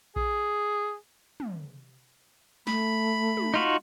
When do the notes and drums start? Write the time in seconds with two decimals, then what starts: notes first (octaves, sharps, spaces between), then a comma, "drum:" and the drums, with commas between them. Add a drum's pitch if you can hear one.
0.16 G#4, drum: kick A#1
1.40 drum: tom
2.67 A3 B5, drum: snare
3.37 drum: tom
3.54 D#4 F4 F#4